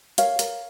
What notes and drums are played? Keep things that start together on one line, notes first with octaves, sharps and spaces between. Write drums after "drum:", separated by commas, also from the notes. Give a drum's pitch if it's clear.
A#4 C#5 F5, drum: hi-hat
A#4, drum: hi-hat